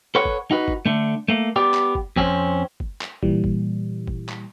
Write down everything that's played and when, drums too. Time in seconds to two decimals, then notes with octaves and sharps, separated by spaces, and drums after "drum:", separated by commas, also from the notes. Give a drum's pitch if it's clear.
0.15 A4 B4 C#5 F#5
0.25 drum: kick
0.51 D#4 F#4 B4
0.68 drum: kick
0.86 D3 A3
1.28 A3 A#3
1.56 B3 G4 D5
1.74 drum: clap
1.95 drum: kick
2.16 F2 C4 C#4, drum: kick
2.80 drum: kick
3.01 drum: clap
3.23 A#2 E3 G3, drum: kick
3.44 drum: kick
4.08 drum: kick
4.29 drum: clap